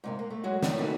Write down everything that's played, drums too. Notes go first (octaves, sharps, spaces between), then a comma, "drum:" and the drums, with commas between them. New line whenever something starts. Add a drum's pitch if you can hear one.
G#2 C3 A#3
A#3
A3
F#3 G#3 F#4
A2 C#3 G3 G4, drum: snare
E3 A#3 D#4 F#4 A4 B4